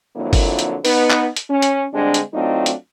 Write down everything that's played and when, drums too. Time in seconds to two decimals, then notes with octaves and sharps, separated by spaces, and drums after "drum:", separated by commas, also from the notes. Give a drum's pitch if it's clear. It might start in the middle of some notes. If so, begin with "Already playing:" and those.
0.16 F2 A#2 D3 F#3 A#3 E4
0.33 drum: kick G1, open hi-hat
0.59 drum: hi-hat
0.85 B3 D#4 B4, drum: open hi-hat
1.11 drum: clap
1.36 drum: hi-hat
1.50 C#4
1.62 drum: hi-hat
1.94 D3 G3 G#3 C4 D4
2.14 drum: hi-hat
2.34 F#3 A3 C4 D4 D#4 F4
2.66 drum: hi-hat